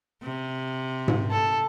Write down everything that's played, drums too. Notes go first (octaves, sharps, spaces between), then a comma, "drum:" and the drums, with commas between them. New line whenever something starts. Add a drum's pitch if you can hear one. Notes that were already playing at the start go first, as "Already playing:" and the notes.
C3
drum: tom G#2
A4